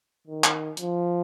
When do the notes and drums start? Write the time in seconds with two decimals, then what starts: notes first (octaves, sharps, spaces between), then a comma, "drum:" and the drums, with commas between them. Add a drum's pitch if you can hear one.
0.27 D#3
0.44 drum: clap
0.77 F3, drum: hi-hat